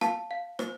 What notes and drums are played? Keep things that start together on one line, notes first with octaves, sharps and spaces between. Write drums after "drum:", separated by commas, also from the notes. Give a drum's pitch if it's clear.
F5 A5, drum: rim click
F5
C5, drum: rim click